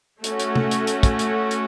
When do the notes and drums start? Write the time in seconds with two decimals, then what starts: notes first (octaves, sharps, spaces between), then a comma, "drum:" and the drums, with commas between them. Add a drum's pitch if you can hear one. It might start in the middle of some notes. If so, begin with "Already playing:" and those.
0.24 A3 C#4 F#4, drum: hi-hat
0.40 drum: hi-hat
0.55 drum: tom
0.71 drum: hi-hat
0.87 drum: hi-hat
1.03 drum: kick, hi-hat
1.19 drum: hi-hat
1.51 drum: hi-hat